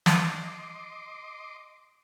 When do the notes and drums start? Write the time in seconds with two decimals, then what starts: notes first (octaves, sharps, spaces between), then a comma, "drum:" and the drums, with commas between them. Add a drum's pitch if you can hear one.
0.06 D#5 C6 D6, drum: snare